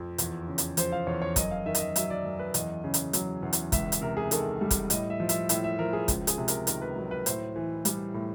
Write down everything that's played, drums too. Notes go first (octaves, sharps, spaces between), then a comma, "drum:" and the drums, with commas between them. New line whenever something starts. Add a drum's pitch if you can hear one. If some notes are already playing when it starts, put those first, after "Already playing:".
Already playing: F2 F3
E2, drum: hi-hat
C#3
drum: hi-hat
F3 C5, drum: hi-hat
F5
E2 C#5
C#5
F#2 D#5, drum: kick, hi-hat
F5
D#3 E5
D#5, drum: hi-hat
E5
F#3 E5, drum: hi-hat
D5
F#2
B4
E2 D#5, drum: hi-hat
C#3
drum: hi-hat
F#3, drum: hi-hat
E2
drum: hi-hat
C#2 E5, drum: kick, hi-hat
drum: hi-hat
C3 A#4
G#4
D#3 A4, drum: hi-hat
G3
drum: kick, hi-hat
A2 D#5, drum: hi-hat
E5
F3
E5, drum: hi-hat
A2 E5, drum: hi-hat
E5
F3 A#4
G#4
C#2, drum: kick, hi-hat
G#4, drum: hi-hat
C3
A#4, drum: hi-hat
D#3 A#4, drum: hi-hat
B4
F#3
B4
A2 C5, drum: hi-hat
E3
G3, drum: hi-hat
A2